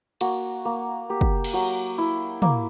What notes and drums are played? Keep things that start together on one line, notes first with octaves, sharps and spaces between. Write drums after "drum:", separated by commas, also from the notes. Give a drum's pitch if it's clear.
A#3 F#4, drum: cymbal
A#3
A#3 G4
drum: kick
drum: cymbal
F#3
E4
A#3, drum: tom